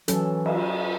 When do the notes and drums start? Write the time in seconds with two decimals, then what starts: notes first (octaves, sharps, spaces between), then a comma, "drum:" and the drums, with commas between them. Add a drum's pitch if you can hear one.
0.08 E3 F#3 C#4 A4, drum: hi-hat
0.46 drum: cymbal